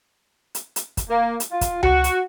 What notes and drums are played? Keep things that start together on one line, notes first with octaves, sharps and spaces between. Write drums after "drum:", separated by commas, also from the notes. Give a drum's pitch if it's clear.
drum: hi-hat
drum: hi-hat
drum: kick, hi-hat
A#3
drum: hi-hat
F4
drum: kick, hi-hat
F#4, drum: tom C#2
drum: hi-hat